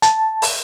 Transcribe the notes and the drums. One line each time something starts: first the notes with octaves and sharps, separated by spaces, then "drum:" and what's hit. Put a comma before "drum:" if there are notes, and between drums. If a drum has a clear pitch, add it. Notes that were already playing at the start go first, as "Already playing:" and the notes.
A5, drum: hi-hat
drum: open hi-hat